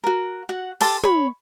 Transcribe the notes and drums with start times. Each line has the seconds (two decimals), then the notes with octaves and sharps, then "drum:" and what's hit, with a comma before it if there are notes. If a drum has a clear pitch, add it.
0.04 F#4 A#4
0.49 F#4 F#5
0.80 G4 A4 A5 C6, drum: open hi-hat
1.03 C#5 B5, drum: tom